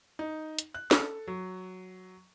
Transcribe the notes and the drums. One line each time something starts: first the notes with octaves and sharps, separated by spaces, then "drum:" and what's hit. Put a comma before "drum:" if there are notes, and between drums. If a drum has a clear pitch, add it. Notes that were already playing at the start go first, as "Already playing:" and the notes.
D#4
drum: hi-hat
F#6
A4, drum: snare
F#3